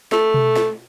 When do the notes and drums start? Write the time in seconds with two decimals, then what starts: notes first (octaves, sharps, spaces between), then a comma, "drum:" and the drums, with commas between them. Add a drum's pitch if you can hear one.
0.12 A3, drum: snare
0.34 drum: tom B2
0.56 drum: snare